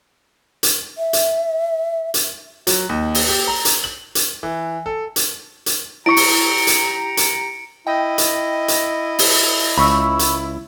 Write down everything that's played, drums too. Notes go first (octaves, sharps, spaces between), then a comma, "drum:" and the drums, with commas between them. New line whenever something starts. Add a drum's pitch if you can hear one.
drum: hi-hat
E5
drum: hi-hat
drum: hi-hat
F#3, drum: hi-hat
D#2
drum: open hi-hat
G4
A#5
drum: hi-hat
F#7
drum: hi-hat
E3
A4
drum: hi-hat
drum: hi-hat
E4 G4 A#5 C#6 C#7 D7
drum: open hi-hat
drum: hi-hat
drum: hi-hat
E4 D#5 G5
drum: hi-hat
drum: hi-hat
drum: open hi-hat
C#2 B5 C#6 E6
drum: hi-hat